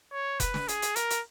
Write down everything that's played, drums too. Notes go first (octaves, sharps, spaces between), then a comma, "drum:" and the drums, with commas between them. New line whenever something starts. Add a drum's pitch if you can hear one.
C#5
B4, drum: kick F1, hi-hat
drum: snare
G#4, drum: hi-hat
drum: hi-hat
A#4, drum: hi-hat
drum: hi-hat